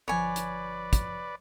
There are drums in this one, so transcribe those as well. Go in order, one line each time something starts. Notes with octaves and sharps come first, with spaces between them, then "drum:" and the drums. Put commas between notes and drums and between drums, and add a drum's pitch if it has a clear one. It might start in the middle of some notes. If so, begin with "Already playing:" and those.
G1 F3 B4 C#5 D5 G#5
drum: hi-hat
drum: kick, hi-hat